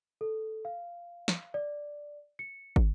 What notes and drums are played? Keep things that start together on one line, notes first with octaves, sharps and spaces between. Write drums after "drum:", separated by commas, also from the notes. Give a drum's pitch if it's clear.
A4
F5
drum: snare
D5
C#7
drum: kick